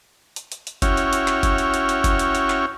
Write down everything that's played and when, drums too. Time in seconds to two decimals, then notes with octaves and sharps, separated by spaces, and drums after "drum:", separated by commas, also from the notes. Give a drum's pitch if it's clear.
0.36 drum: hi-hat
0.52 drum: hi-hat
0.67 drum: hi-hat
0.82 C#4 E4 F#4 C#5 G5 F6, drum: kick F#1, hi-hat
0.97 drum: hi-hat
1.13 drum: hi-hat
1.28 drum: clap
1.43 drum: kick F#1, hi-hat
1.58 drum: hi-hat
1.74 drum: hi-hat
1.89 drum: hi-hat
2.04 drum: kick F#1, hi-hat
2.19 drum: hi-hat
2.35 drum: hi-hat
2.50 drum: clap